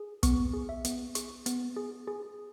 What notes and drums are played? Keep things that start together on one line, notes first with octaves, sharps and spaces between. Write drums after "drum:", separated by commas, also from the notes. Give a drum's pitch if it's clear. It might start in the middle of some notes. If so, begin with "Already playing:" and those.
Already playing: G#4
B3 C#6, drum: kick, hi-hat
G#4
E5
B3, drum: hi-hat
G#4 C#6, drum: hi-hat
B3, drum: hi-hat
G#4
G#4